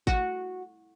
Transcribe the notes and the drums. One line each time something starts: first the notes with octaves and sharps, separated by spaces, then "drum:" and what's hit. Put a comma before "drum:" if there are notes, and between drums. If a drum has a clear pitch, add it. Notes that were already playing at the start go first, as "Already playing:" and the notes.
F#4, drum: kick G#1